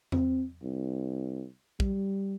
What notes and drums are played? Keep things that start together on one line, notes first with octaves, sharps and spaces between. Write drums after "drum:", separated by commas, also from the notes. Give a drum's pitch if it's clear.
C4, drum: tom E2
C2
G3, drum: kick